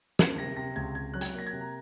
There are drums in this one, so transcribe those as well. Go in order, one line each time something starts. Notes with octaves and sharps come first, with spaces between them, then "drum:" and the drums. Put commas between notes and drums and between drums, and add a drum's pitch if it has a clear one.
A#3 G#6, drum: snare
C3 A#6
C3 A#6
C#2 G#6
C3 G#6
F#3 F#6
G#6, drum: hi-hat
A#3
A#6
G#6
C3
A#5